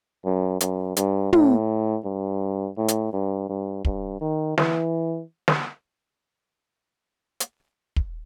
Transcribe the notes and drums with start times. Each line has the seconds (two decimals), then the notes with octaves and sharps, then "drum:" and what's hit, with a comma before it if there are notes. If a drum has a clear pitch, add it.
0.25 F#2
0.61 F#2, drum: hi-hat
0.97 G2, drum: hi-hat
1.33 A2, drum: tom
2.05 G2
2.77 A2
2.88 drum: hi-hat
3.13 G2
3.49 G2
3.85 G2, drum: kick
4.21 D#3
4.58 E3, drum: snare
5.48 drum: snare
7.40 drum: hi-hat
7.96 drum: kick